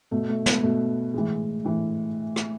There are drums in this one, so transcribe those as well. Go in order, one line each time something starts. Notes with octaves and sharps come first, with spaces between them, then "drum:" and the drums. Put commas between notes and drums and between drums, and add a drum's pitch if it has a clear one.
B2 A3
A3
B3, drum: snare
B2 A3
A2 E3 G#3
A2 E3
drum: rim click